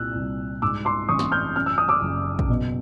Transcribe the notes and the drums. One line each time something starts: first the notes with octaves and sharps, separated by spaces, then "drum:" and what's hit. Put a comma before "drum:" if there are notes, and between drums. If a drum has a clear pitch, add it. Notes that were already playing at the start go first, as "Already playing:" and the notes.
Already playing: C2 A#2 E6 F#6
C2
G#2 D6 E6
C6 D6
A1 C#6 D#6
drum: snare
F6 G6
F#2 F6
E6
D#6
D6 E6
F#1
drum: kick A1
B2